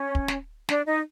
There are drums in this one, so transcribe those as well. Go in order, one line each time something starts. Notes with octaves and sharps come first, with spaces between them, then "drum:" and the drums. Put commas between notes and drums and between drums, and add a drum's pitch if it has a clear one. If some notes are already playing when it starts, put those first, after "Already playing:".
Already playing: C#4
drum: kick
drum: snare
D4, drum: snare
D#4